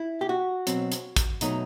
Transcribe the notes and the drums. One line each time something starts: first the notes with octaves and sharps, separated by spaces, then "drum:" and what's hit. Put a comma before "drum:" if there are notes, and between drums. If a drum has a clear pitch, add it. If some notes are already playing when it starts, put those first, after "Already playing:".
Already playing: E4
G4
F#4
B2 F#3 C4, drum: hi-hat
drum: hi-hat
drum: kick, hi-hat
B2 F#3 A3 D#4, drum: hi-hat